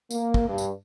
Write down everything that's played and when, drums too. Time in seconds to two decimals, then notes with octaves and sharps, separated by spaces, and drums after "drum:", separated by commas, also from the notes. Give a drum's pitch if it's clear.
0.11 A#3, drum: tambourine
0.34 drum: kick
0.48 G2
0.58 drum: tambourine